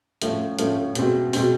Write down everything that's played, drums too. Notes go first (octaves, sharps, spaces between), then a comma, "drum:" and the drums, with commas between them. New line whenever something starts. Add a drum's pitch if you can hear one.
A2 F3 A3 C#4, drum: hi-hat
A2 F3 A3 C#4, drum: hi-hat
B2 G#3 C4, drum: hi-hat
B2 G#3 C4, drum: open hi-hat